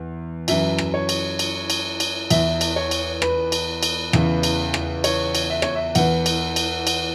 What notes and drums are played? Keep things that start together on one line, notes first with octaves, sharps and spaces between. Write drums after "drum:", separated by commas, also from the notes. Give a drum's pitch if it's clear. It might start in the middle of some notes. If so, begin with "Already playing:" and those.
Already playing: E2
F#2 E3 E5, drum: cymbal
drum: rim click
C#5
drum: cymbal
drum: cymbal
drum: cymbal
drum: cymbal
E2 E3 E5, drum: cymbal
drum: cymbal
C#5
drum: cymbal
B4, drum: rim click
drum: cymbal
drum: cymbal
E2 C#3 E3, drum: rim click
drum: cymbal
drum: rim click
C#5, drum: cymbal
drum: cymbal
E5
C#5, drum: rim click
E5
E2 E3 F#5, drum: cymbal
drum: cymbal
drum: cymbal
drum: cymbal